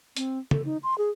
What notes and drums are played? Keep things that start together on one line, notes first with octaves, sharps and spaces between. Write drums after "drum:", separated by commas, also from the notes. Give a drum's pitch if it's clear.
C4, drum: hi-hat
A4, drum: tom C#3
D#4
C6
G#4